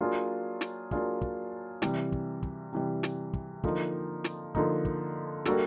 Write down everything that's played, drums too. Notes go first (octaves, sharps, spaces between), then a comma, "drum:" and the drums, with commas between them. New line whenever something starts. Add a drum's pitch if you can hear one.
F#3 A#3 D4 F4 G#4
drum: snare
F#3 A#3 D4 F4 G#4, drum: kick
drum: kick
C3 E3 G3, drum: snare
drum: kick
drum: kick
C3 E3 G3
drum: snare
drum: kick
D3 F3 A#3 D#4, drum: kick
drum: snare
D3 F3 A#3 D#4, drum: kick
drum: kick
G3 A#3 D4 F#4 A4, drum: snare